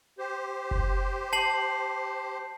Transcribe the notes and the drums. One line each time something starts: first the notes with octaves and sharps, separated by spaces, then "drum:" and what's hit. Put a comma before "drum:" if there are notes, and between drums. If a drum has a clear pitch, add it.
G4 C5
drum: kick F#1
A5 C7 F#7